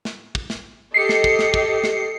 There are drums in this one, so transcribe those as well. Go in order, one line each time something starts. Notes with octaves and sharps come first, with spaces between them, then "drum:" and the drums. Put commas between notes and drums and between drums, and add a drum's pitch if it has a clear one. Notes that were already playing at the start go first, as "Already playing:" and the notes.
drum: snare
drum: kick
drum: snare
G4 A4 D#5 C7 C#7
drum: snare
drum: kick
drum: snare
drum: kick
drum: snare